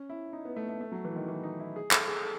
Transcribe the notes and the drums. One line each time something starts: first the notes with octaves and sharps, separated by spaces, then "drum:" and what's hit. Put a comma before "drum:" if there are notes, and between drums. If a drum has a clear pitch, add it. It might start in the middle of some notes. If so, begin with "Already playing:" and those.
Already playing: C#4
E4
D#4
B3
A3
A3
A3
F#3
E3
D#3
E3
D#4
E4
G#4
A4, drum: clap
G#4
A4